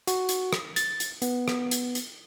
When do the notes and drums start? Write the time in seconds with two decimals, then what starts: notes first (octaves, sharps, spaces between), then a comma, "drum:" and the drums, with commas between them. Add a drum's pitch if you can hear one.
0.07 F#4, drum: hi-hat
0.29 drum: hi-hat
0.53 drum: rim click
0.76 A6, drum: hi-hat
1.00 drum: hi-hat
1.22 B3, drum: hi-hat
1.48 drum: rim click
1.71 drum: hi-hat
1.95 drum: hi-hat